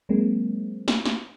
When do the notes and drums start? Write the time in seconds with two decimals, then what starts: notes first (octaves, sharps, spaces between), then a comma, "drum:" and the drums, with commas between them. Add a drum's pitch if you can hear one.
0.09 F#3 G#3 A#3 C4
0.88 drum: snare
1.05 drum: snare